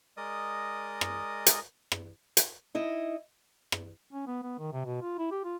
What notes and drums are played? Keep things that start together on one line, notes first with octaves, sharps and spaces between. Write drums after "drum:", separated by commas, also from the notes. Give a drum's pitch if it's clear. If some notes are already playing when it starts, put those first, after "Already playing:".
G#3 A#4 D5 D#5 D#6
drum: rim click
drum: hi-hat
drum: rim click
drum: hi-hat
D#4 E4 D#5
drum: rim click
C#4
B3
B3
D#3
C3
B2
F4
E4
G4
F4